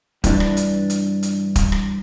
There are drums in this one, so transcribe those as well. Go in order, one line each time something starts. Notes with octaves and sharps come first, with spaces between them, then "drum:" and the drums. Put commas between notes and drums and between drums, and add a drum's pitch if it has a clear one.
G2 E3 D4, drum: kick, hi-hat
drum: rim click
drum: hi-hat
drum: hi-hat
drum: hi-hat
drum: kick, hi-hat
drum: rim click